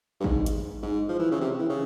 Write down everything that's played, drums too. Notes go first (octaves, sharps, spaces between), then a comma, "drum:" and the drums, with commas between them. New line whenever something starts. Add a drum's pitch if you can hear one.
G2
G#2, drum: kick
drum: hi-hat
G#2
F3
E3
C#3
C3
E3
C#3